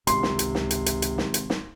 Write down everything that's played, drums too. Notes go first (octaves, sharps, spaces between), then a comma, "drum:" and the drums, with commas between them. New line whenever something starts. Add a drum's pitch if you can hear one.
G#1 C#2 C3 C6, drum: hi-hat
drum: snare
drum: hi-hat
drum: snare
drum: hi-hat
drum: hi-hat
drum: hi-hat
drum: snare
drum: hi-hat
drum: snare